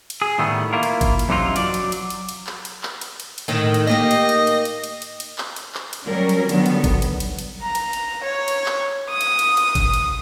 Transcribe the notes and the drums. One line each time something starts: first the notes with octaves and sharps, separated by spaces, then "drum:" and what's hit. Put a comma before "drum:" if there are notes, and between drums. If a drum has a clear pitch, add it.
drum: cymbal
G#4
A2 D#3 G3 A3 B3
A#3 E4 F4 A#4
drum: cymbal
drum: kick G1, cymbal
drum: cymbal
F#2 C3 E3 D#4 F4
F#3 D5, drum: cymbal
drum: cymbal
drum: cymbal
drum: cymbal
drum: cymbal
drum: clap
drum: cymbal
drum: clap
drum: cymbal
drum: cymbal
drum: cymbal
A2 D#3
drum: cymbal
A#3 D#4 G4 D#5
drum: cymbal
drum: cymbal
drum: cymbal
drum: cymbal
drum: cymbal
drum: cymbal
drum: cymbal
drum: clap
drum: cymbal
drum: clap
drum: cymbal
F#3 G3 C#4 A#4
drum: cymbal
D3 D#3 F#3 G3 B3, drum: cymbal
drum: cymbal
drum: kick G1, cymbal
drum: cymbal
drum: cymbal
drum: cymbal
A#5
drum: cymbal
drum: cymbal
C#5
drum: cymbal
drum: clap
D#6
drum: cymbal
drum: cymbal
drum: cymbal
drum: kick G1, cymbal
drum: cymbal